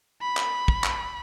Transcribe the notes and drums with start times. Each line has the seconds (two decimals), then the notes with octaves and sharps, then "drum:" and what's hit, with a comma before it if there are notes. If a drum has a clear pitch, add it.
0.22 B5
0.37 drum: clap
0.68 drum: kick
0.84 drum: clap